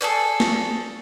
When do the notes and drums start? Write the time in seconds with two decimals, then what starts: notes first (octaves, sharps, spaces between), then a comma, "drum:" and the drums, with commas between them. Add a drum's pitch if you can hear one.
0.01 G#4 A4 C5 D5
0.40 drum: snare